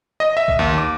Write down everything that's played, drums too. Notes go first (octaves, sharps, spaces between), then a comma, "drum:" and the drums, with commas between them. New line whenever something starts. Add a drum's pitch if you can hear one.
D#5
E5
drum: kick A#1
D#2
D6